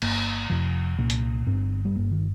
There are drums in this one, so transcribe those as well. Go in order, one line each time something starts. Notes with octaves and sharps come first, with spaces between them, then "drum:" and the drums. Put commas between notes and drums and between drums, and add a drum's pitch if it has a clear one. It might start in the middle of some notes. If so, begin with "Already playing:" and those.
G1 G2 A#3, drum: cymbal
F1 F2 C3 F3
C2 A#2 A#3
drum: hi-hat
G1 G2 C4
G3
G1 G2 A#3
D#3